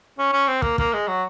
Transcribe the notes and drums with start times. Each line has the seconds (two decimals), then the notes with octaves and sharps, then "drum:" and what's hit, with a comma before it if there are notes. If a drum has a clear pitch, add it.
0.18 C#4
0.32 C#4
0.48 C4
0.62 A#3, drum: kick
0.78 A#3, drum: kick
0.93 G#3
1.08 F#3